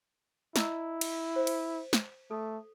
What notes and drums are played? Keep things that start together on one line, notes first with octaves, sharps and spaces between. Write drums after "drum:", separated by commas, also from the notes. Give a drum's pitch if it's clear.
E4 D#5 A#5 E6, drum: snare
drum: cymbal
C5
drum: cymbal
drum: snare
A3 A4